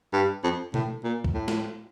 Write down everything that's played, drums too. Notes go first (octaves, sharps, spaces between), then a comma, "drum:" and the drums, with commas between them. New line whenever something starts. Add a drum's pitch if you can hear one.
G2
F2
A2, drum: tom B2
A#2
drum: kick
A2
drum: snare